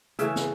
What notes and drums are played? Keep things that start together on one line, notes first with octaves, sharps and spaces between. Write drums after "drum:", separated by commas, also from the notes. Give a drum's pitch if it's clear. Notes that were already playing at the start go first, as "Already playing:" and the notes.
C#3 E3 A3 C#4 E5, drum: hi-hat
drum: snare